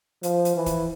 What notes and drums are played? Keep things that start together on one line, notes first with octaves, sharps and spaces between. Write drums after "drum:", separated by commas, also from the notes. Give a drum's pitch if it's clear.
F3, drum: hi-hat
drum: hi-hat
E3
drum: kick, hi-hat